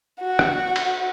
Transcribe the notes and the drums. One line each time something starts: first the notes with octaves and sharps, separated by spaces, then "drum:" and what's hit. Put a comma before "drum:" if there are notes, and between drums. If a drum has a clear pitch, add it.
F#4
drum: rim click
drum: cymbal